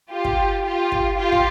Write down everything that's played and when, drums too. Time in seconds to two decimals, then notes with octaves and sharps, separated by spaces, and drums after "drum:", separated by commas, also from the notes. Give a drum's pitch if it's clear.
0.11 F4 G4
0.25 drum: kick
0.65 F4 G4
0.92 drum: kick
1.18 F4 G4
1.32 drum: kick